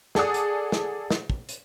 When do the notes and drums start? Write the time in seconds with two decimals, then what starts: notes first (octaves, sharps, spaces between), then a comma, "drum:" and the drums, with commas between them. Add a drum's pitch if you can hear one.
0.15 G#4 A4 D5 F#5 D#6, drum: snare
0.34 drum: hi-hat
0.72 drum: snare
1.11 drum: snare
1.30 drum: kick
1.49 drum: hi-hat